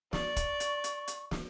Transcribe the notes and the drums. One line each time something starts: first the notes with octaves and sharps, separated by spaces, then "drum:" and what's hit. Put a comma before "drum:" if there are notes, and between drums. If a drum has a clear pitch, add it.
D5 C#6, drum: snare
drum: kick, hi-hat
drum: hi-hat
drum: hi-hat
drum: hi-hat
drum: snare